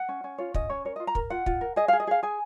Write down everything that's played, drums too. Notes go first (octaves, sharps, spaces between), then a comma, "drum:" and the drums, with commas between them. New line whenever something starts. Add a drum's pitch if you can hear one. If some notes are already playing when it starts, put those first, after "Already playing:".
Already playing: F#5
C#4
C#4
F4 C#5
C#4 D#5, drum: kick
C#4 C#5
A#4 C#5
F4 D#5
A#5
A#4, drum: kick
F4 F#5
F4, drum: kick
A#4
G#4 D#5
G#4 F5
D#5
G#4 F5
G#4 G#5